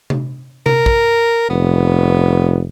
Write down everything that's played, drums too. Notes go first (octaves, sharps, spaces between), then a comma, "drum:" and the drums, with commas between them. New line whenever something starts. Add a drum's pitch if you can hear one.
drum: tom C3
A#4, drum: tom C3
drum: kick
F1 B3